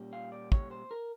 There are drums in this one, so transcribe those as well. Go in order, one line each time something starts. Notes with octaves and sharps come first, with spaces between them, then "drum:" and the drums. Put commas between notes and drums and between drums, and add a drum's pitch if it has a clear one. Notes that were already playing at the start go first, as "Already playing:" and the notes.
Already playing: A#2 G3 A#3 C#4
F5
D5
C#5, drum: kick
C5
A#4